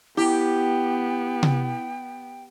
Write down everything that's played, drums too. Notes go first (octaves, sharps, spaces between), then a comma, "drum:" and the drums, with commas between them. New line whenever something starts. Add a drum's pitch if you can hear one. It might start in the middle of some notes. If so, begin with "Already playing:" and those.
B3 E4 G4 G5
drum: tom C3